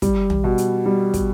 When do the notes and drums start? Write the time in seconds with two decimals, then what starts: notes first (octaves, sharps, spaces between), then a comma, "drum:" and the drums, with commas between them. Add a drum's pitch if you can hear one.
0.02 G3, drum: kick, hi-hat
0.30 drum: tom
0.44 B2
0.58 drum: hi-hat
0.86 G3
1.14 drum: kick, hi-hat